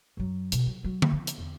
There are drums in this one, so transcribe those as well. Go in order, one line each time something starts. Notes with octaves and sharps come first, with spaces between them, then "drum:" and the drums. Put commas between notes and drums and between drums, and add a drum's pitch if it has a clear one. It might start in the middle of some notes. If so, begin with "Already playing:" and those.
F#2 F#3
B2, drum: hi-hat
F#3
F#3
drum: tom D3
F3
drum: hi-hat
E2